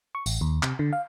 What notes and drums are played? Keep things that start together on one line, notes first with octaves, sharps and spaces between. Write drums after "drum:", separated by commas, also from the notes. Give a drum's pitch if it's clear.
C#6
A1, drum: tambourine
D#2
C3, drum: clap
D3
F5